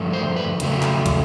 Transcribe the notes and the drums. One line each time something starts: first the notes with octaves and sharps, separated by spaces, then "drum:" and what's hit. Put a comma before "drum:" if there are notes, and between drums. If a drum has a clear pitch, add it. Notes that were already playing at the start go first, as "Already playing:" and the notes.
Already playing: G2 D3 F3 A3
C5
B4
F2 C#3 F#3 A3, drum: hi-hat
drum: clap
drum: kick, hi-hat